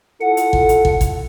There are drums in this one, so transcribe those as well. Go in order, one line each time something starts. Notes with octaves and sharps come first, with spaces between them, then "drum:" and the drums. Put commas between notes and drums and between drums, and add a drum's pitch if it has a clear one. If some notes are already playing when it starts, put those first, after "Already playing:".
E4 F4 A4 F#5
drum: hi-hat
drum: kick
drum: hi-hat
drum: kick
drum: kick, hi-hat